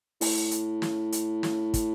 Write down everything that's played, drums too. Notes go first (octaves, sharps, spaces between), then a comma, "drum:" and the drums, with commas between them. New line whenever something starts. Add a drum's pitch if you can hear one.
A2, drum: open hi-hat
drum: hi-hat
drum: snare
drum: hi-hat
drum: snare
drum: kick, hi-hat